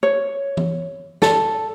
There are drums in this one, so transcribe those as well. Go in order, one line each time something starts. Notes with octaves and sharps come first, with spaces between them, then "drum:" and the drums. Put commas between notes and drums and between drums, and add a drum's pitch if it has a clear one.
C#5
drum: tom E3
A4, drum: snare